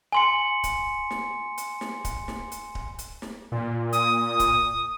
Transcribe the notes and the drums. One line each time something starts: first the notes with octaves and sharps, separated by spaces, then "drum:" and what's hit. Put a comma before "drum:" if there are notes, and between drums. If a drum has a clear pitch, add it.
G#5 C6 C#7
drum: kick D1, hi-hat
drum: snare
drum: hi-hat
drum: snare
drum: kick D1, hi-hat
drum: snare
drum: hi-hat
drum: kick D1
drum: hi-hat
drum: snare
A#2
D#6, drum: hi-hat
drum: kick D1, hi-hat